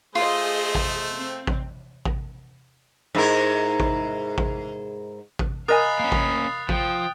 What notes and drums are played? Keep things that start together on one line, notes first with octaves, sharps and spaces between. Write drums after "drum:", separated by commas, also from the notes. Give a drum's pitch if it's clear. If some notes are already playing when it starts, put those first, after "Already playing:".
A3 F4 G#4 C5 D#5
drum: kick A1
C4
drum: kick A1
drum: kick A1
G#2 E4 A#4
drum: kick A1
drum: kick A1
drum: kick A1
A#4 D#5 F5 G#5 B5 D#6 F#6 A6
A#3 C#4
drum: kick A1
F3 G5, drum: kick A1